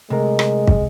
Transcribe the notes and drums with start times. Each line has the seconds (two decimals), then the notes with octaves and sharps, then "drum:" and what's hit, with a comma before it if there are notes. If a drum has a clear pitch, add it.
0.10 C3 G#3 A3 A#4
0.39 drum: rim click
0.67 drum: kick